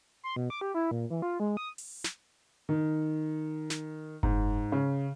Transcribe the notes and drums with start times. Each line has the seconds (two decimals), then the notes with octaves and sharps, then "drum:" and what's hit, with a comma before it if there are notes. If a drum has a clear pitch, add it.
0.23 C6
0.36 B2
0.50 D6
0.61 G4
0.74 E4
0.91 A#2
1.10 E3
1.22 F4
1.40 G#3
1.57 D#6
1.78 drum: open hi-hat
2.04 drum: snare
2.69 D#3
3.70 drum: snare
4.23 G#2, drum: kick F#1
4.72 C#3